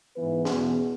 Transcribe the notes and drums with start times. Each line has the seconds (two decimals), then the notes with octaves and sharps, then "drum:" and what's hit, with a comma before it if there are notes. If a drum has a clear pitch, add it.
0.15 G#2 E3 B3 B4
0.45 E2 B2 B3 G#4, drum: snare